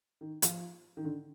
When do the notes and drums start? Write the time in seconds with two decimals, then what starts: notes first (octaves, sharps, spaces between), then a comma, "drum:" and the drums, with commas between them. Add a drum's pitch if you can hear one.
0.21 D#3
0.42 F3, drum: hi-hat
0.97 D#3
1.04 D3